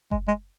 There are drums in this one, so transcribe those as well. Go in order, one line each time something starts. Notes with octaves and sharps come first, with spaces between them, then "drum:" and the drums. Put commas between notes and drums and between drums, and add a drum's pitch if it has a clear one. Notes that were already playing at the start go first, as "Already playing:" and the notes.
G#3, drum: kick F#1
G#3